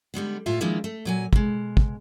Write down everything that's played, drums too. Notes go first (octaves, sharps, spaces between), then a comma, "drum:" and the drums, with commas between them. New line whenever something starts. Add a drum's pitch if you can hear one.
D3 G3 G#3 B3
A2 F4 E5 A5
D#3 F3 G#3 A#3 D4 E4
A3
A#2 F#3 G#5
B2 G#3, drum: kick
drum: kick